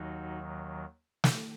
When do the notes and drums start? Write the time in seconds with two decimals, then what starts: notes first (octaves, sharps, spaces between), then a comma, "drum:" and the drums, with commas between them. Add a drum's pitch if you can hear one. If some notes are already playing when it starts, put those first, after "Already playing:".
Already playing: D#2 D#3 F#3 D#4 F#4
1.24 drum: snare